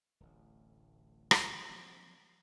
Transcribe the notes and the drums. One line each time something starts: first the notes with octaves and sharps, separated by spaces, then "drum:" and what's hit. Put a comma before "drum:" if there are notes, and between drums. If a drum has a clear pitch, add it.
D1 A1
drum: rim click
F3 F#3 A#3 C4